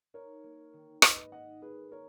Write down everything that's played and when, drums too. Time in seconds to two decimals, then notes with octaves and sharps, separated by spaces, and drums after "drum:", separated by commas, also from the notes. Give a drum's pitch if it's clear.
0.14 D#4 A#4 C#5
0.44 A#3
0.73 D#3
1.02 G#2 B4 D#5, drum: rim click
1.32 D#4 D#5 F#5
1.62 A#3 G#4 B4
1.91 A#4 C#5